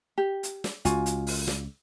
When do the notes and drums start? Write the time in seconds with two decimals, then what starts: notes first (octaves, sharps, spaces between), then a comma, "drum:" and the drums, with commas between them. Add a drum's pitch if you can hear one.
0.18 G4
0.43 drum: hi-hat
0.64 drum: snare
0.85 C#2 F4 F#4 G#5, drum: hi-hat
1.06 drum: hi-hat
1.27 drum: open hi-hat
1.48 drum: snare